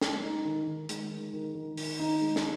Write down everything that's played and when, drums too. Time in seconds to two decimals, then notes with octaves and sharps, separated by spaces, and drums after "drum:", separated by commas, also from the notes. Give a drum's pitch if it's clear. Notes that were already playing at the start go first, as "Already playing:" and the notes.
0.01 G#3, drum: snare
0.23 D#4
0.45 D#3
0.67 D#3
0.89 G#3, drum: hi-hat
1.11 D#3
1.33 D#3
1.55 D#3
1.77 D#3, drum: open hi-hat
1.99 D#4
2.21 G#3
2.36 drum: snare